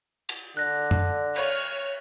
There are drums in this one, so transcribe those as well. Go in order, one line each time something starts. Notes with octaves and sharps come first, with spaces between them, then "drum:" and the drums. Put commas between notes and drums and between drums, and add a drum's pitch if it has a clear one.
drum: cymbal
D3 F#6 A#6
drum: tom
C#5 F6, drum: cymbal